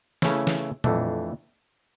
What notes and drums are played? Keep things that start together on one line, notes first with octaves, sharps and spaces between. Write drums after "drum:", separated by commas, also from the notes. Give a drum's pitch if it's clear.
C#3 E3 A3 C#4 E4, drum: snare
drum: snare
F2 E3 A3 D4, drum: tom A#2